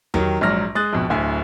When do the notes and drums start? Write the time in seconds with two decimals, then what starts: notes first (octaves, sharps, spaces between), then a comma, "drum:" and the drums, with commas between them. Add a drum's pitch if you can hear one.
0.14 D#3 F#3 G4 A#4, drum: tom E2
0.41 A#1 G#2 F#3 D5 F6 A#6
0.75 G#3 D#6 F#6 A6
0.93 A#1 F2 B2
1.09 D1 D2 G#5